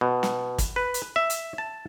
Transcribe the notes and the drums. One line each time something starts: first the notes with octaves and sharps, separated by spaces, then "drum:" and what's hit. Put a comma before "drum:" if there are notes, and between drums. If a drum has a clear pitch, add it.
B2
drum: snare
drum: kick, hi-hat
B4
drum: hi-hat
E5
drum: hi-hat
A5